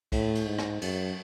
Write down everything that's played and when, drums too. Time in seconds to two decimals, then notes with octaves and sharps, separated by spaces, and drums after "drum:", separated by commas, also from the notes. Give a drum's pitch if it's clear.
0.12 A2, drum: kick C2, cymbal
0.35 drum: cymbal
0.46 G#2
0.59 drum: rim click
0.82 F#2, drum: cymbal